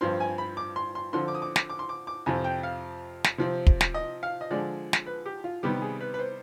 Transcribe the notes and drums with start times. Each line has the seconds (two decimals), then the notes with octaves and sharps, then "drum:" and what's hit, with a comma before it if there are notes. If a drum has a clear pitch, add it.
0.01 G2 F3 C4 C6
0.20 G#5
0.38 B5
0.57 D6
0.76 C6
0.95 C6
1.13 D3 F3 C4 C6
1.28 D6
1.34 D#6
1.42 D6
1.56 D6, drum: snare
1.70 D6
1.79 C6
1.89 D6
2.07 D6
2.26 F2 C3 F3 C4 G#5
2.44 G5
2.63 F5
3.24 drum: snare
3.38 C3 F3 C4
3.67 drum: kick
3.81 drum: snare
3.94 D#5
4.23 F5
4.41 D#5
4.51 D3 F3 G#3 D5
4.93 drum: snare
5.06 B4
5.26 G4
5.44 F4
5.63 C3 D#3 G3 B3 G4
5.82 G#4
6.01 B4
6.14 B4
6.19 C5